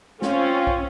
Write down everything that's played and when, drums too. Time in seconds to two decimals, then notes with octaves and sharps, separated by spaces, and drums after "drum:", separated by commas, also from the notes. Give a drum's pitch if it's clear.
0.22 C4 C#4 F4, drum: snare
0.67 drum: kick